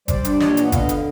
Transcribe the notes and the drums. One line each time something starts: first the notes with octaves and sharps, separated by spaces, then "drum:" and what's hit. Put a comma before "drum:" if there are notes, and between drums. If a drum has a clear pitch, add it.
G3 C5 D5, drum: kick G1, hi-hat
D4, drum: hi-hat
A#2 C#5 D#5, drum: snare
B3, drum: hi-hat
F#5
D3 D#5 F5, drum: kick G1, hi-hat
drum: hi-hat